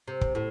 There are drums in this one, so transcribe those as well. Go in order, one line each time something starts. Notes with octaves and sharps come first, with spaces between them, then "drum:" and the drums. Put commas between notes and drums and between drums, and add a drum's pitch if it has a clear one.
C3
drum: kick
A2